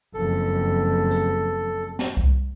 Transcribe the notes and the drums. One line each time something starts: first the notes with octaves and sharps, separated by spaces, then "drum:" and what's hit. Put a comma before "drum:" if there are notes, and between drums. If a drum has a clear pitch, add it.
F#1 F2 A4
drum: hi-hat
drum: snare
drum: kick C2